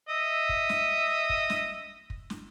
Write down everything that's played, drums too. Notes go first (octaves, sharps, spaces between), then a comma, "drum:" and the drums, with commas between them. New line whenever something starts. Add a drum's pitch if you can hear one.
D#5 E5
drum: kick
drum: snare
drum: kick
drum: snare
drum: kick
drum: snare